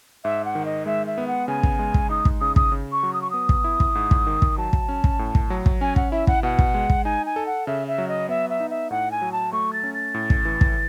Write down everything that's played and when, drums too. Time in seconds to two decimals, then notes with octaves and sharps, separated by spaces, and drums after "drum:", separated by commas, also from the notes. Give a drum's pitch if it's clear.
0.24 G#2 E5
0.45 F#5
0.55 D#3
0.65 D#5
0.86 G#3 E5
1.07 E5
1.18 B3
1.27 F#5
1.48 C#3 G#5
1.63 drum: kick
1.79 G#3
1.94 drum: kick
2.10 D#4 D#6
2.25 drum: kick
2.41 C#3 D#6
2.56 D#6, drum: kick
2.72 C#3
2.92 C#6
3.03 F#3
3.13 D#6
3.22 C#6
3.31 B3 D#6
3.49 drum: kick
3.64 E4
3.80 drum: kick
3.95 G#2
4.11 drum: kick
4.27 D#3
4.42 drum: kick
4.58 F#3 A5
4.73 drum: kick
4.89 C#4
5.04 drum: kick
5.19 A2
5.35 drum: kick
5.50 F#3
5.66 drum: kick
5.81 C#4 G#5
5.96 F#5, drum: kick
6.12 E4 E5
6.27 F#5, drum: kick
6.43 B2 F#5
6.59 drum: kick
6.74 G#3
6.90 drum: kick
7.05 D#4 G#5
7.26 G#5
7.36 A4
7.46 F#5
7.67 C#3 E5
7.88 E5
7.98 F#3
8.08 D#5
8.29 B3 E5
8.50 E5
8.60 D#4
8.70 E5
8.91 A2 F#5
9.11 G#5
9.22 F#3
9.32 A5
9.53 A3 C#6
9.73 A6
9.83 C#4
9.94 A6
10.14 A2
10.30 drum: kick
10.45 E3
10.61 drum: kick